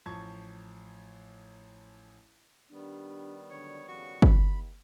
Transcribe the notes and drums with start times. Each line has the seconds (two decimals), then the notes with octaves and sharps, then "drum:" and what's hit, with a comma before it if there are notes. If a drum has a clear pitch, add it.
0.06 A1 F3 A5 C#6 G#6
2.71 D#3 G3 B3 D4 G4
3.50 D2 F#3 D4 C#5
3.88 F2 C#3 F#4 C#6
4.22 D#2 B5, drum: kick